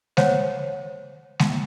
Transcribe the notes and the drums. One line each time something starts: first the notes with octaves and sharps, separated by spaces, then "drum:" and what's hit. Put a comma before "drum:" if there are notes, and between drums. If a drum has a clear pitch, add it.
C5 C#5 F#5, drum: snare G#3
drum: snare G#3